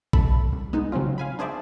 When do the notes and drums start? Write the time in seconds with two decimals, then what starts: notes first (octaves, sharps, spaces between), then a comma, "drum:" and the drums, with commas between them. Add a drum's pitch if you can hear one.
0.13 A1 A4 E5 B5, drum: kick A#1
0.53 C2
0.73 G#3 B3 D#4
0.92 C#3 F#3 C4 C#4 F4
1.18 F5 G#5 B5
1.39 D4 G#4 C5 D5 E5